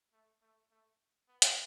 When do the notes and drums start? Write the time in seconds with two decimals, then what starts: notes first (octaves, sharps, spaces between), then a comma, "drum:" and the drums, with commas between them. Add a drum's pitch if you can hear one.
0.13 A3
0.42 A3
0.70 A3
1.28 B3
1.42 drum: hi-hat